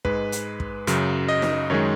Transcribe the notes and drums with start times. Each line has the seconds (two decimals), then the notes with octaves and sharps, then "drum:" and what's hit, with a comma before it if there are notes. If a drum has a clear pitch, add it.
0.05 G#2 G#3 B4, drum: kick
0.32 drum: hi-hat
0.60 drum: kick
0.87 F#2 C#3 F#3, drum: hi-hat
1.29 D#5
1.42 drum: snare
1.70 F#2 D#3 G#3 C#5